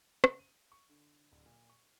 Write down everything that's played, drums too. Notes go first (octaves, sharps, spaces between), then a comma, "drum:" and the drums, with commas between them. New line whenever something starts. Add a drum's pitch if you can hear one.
C#3, drum: rim click
D#7
C#6
D3
D1
A#2
C#6